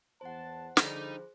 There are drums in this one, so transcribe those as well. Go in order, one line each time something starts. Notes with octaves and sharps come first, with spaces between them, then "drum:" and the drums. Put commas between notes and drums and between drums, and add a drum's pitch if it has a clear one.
E2 C5 F#5 A5
D3 F3 G3 D#4 G#4 C5, drum: snare